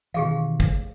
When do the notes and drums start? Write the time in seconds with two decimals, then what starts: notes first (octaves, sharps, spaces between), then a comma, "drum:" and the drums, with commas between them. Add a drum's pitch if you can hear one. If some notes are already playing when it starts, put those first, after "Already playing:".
0.14 B2 D#3 E3 G4 G#4 F5
0.60 drum: kick